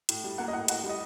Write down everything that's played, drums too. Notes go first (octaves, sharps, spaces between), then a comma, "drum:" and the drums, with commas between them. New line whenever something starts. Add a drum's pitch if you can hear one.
A2, drum: hi-hat
G3
A#3 F#5
D#5
A2 F#5
A2 F#5, drum: hi-hat
G3
D#5